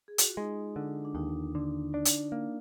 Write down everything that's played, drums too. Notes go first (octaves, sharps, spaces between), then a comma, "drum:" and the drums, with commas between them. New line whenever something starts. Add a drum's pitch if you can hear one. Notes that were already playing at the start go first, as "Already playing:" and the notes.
G#4
F#4, drum: hi-hat
F4
G#3 D#4
D3 D4
D4
D#2 D#4
D3
D4
drum: hi-hat
A#3